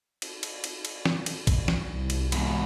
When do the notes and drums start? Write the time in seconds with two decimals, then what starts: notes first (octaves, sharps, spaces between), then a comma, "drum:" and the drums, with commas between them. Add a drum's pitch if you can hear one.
0.22 drum: cymbal
0.43 drum: cymbal
0.64 drum: cymbal
0.85 drum: cymbal
1.05 drum: snare
1.26 drum: cymbal
1.47 drum: kick A1, cymbal
1.68 drum: snare
1.89 C2
2.10 drum: cymbal
2.32 E2 G#2, drum: cymbal